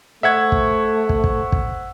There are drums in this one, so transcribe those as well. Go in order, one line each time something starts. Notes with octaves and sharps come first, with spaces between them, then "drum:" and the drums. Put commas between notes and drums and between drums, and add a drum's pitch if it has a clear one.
A3 C5 E5 F#5 C#6 G#6
drum: kick
drum: kick
drum: kick
drum: kick